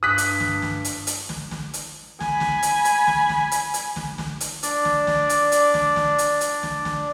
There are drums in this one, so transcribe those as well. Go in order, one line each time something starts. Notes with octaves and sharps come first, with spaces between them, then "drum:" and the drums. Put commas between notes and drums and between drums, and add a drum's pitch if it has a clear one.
G2 D#6 F#6 B6
drum: hi-hat
drum: snare
drum: snare
drum: hi-hat
drum: hi-hat
drum: snare
drum: snare
drum: hi-hat
G#5 B5, drum: snare
drum: snare
drum: hi-hat
drum: hi-hat
drum: snare
drum: snare
drum: hi-hat
drum: hi-hat
drum: snare
drum: snare
drum: hi-hat
D4 D5, drum: hi-hat
drum: snare
drum: snare
drum: hi-hat
drum: hi-hat
drum: snare
drum: snare
drum: hi-hat
drum: hi-hat
drum: snare
drum: snare